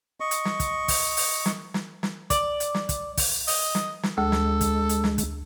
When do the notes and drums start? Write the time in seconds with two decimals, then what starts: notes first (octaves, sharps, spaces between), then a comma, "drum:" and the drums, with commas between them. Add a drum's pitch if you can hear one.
0.20 D#5 C#6
0.31 drum: hi-hat
0.45 drum: snare
0.60 drum: kick, hi-hat
0.88 drum: kick, open hi-hat
1.17 drum: open hi-hat
1.46 drum: snare
1.74 drum: snare
2.03 drum: snare
2.30 D5, drum: kick, hi-hat
2.60 drum: hi-hat
2.74 drum: snare
2.89 drum: kick, hi-hat
3.17 drum: kick, open hi-hat
3.48 D#5, drum: open hi-hat
3.75 drum: snare
4.03 drum: snare
4.18 D2 G#3 A4
4.32 drum: snare
4.61 drum: kick, hi-hat
4.89 drum: hi-hat
5.04 drum: snare
5.18 drum: kick, hi-hat